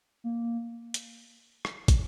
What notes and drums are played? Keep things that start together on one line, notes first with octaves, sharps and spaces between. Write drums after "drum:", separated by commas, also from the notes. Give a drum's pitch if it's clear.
A#3
drum: hi-hat
drum: rim click
drum: kick, hi-hat